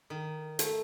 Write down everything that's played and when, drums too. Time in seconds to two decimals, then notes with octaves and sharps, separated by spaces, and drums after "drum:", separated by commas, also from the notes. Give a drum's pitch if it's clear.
0.10 D#3
0.59 A3, drum: hi-hat